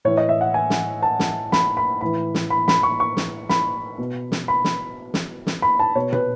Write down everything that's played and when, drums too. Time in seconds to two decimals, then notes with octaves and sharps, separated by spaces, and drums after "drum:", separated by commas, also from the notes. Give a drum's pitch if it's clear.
0.05 A2 E3 C#5
0.17 D#5
0.29 E5
0.41 F#5
0.54 G#5
0.70 drum: snare
1.02 A5
1.20 drum: snare
1.52 B5, drum: snare
1.77 B5
2.01 A2 E3 B5
2.34 drum: snare
2.50 B5
2.68 B5, drum: snare
2.83 C#6
3.00 C#6
3.17 drum: snare
3.49 B5, drum: snare
3.98 B2
4.32 drum: snare
4.48 B5
4.64 drum: snare
5.14 drum: snare
5.47 drum: snare
5.62 B5
5.79 A5
5.95 B2 C#5
6.13 B4, drum: tom A#2